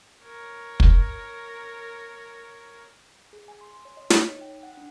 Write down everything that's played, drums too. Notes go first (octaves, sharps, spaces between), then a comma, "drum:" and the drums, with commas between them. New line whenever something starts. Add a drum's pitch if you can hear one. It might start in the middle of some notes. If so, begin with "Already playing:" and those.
A#4 C#5
drum: kick
G#4
G#5
C6
C6
C#5
D#5
C#5, drum: snare
D#4
G5
F#5
D4